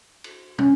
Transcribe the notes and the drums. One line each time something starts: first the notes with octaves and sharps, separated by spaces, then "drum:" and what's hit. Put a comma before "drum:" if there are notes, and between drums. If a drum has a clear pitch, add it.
drum: cymbal
C#4, drum: tom